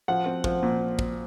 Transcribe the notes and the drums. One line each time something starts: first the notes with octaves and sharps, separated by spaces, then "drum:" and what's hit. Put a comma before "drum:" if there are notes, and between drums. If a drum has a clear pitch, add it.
F3 F#5
C4
F3, drum: kick
A#2
drum: kick